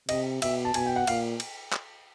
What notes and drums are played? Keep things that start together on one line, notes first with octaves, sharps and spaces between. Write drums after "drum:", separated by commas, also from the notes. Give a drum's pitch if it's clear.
C3 D#5, drum: cymbal
B2 E5, drum: cymbal
A5
B2 G#5, drum: cymbal
G5
F#5
A#2 F5, drum: cymbal
drum: cymbal
drum: clap